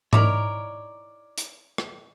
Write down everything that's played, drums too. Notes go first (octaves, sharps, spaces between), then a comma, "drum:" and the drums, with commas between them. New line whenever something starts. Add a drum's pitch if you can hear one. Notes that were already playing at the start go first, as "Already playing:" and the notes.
D#4 E4 A#4 C#5 D5 D6, drum: tom G#2
drum: hi-hat
drum: rim click